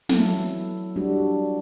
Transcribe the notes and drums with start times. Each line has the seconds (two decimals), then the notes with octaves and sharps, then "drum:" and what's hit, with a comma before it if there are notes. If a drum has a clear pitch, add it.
0.09 F#3 B3 E4 A4, drum: snare
0.96 G3 D4 F#4